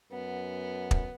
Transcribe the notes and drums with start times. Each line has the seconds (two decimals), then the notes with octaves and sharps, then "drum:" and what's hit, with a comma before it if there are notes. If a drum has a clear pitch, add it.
0.12 F#2 B3
0.91 drum: kick